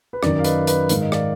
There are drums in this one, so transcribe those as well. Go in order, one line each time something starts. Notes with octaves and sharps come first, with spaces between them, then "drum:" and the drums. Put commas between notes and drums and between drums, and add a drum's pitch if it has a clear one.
B4
F#2 D#3 D5, drum: rim click
F5
B4 D#5, drum: hi-hat
B4 D#5, drum: hi-hat
G#2 D#3 F5, drum: hi-hat
D#5
D5 F5, drum: rim click